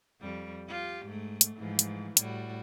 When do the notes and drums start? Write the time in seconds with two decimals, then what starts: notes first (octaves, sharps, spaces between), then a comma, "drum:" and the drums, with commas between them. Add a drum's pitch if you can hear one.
0.21 F2 G3
0.68 F4 G4
1.06 G#2 A3
1.41 drum: hi-hat
1.57 G#2 E3 F3
1.79 drum: hi-hat
2.17 A2 G3 F#4, drum: hi-hat